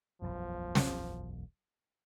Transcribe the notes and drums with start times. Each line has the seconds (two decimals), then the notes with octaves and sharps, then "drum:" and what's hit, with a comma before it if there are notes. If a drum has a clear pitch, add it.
0.22 E1 B1 F#2 F3
0.75 drum: snare